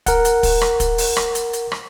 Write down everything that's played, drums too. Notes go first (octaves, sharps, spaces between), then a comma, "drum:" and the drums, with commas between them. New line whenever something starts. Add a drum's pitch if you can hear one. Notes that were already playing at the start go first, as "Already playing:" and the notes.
A#4 F#5, drum: kick, hi-hat
drum: hi-hat
drum: kick, open hi-hat
drum: rim click
drum: kick, hi-hat
drum: open hi-hat
drum: rim click
drum: hi-hat
drum: hi-hat
drum: rim click